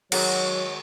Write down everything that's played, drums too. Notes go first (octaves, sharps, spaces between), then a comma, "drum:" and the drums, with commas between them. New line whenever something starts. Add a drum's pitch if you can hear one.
D#3 F#3 G#3 F#4 C#5, drum: cymbal